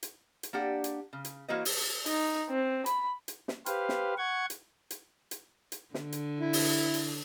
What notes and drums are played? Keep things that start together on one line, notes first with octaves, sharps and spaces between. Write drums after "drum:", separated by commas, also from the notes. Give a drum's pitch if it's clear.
drum: hi-hat
drum: hi-hat
A#3 D4 G4 F#5
drum: hi-hat
C#3
drum: hi-hat
E3 A#3 F#4 A#4 C5 D#5
drum: open hi-hat
D#4, drum: hi-hat
C4
B5, drum: hi-hat
drum: hi-hat
drum: snare
G4 B4 C5 F5, drum: hi-hat
drum: snare
F#5 C#6 G#6
drum: hi-hat
drum: hi-hat
drum: hi-hat
drum: hi-hat
D3, drum: snare
drum: hi-hat
E4
drum: open hi-hat
drum: hi-hat